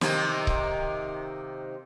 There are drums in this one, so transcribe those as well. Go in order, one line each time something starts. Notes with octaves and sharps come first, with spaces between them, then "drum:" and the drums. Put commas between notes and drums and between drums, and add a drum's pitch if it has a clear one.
C3 D#3 A#3, drum: snare
drum: kick C#1